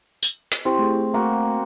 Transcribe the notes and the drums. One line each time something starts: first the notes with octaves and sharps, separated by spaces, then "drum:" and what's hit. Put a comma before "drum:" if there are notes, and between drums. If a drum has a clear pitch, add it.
drum: tambourine
drum: hi-hat
C4 E4 G4 C#6
A3 G#4
A3 A#3 F#4